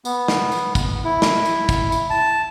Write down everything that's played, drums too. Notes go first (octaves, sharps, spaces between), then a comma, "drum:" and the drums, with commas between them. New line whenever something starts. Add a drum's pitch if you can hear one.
B3, drum: tambourine
drum: snare
drum: tambourine
drum: kick, tambourine
E4
drum: snare
drum: tambourine
drum: kick, tambourine
drum: tambourine
A5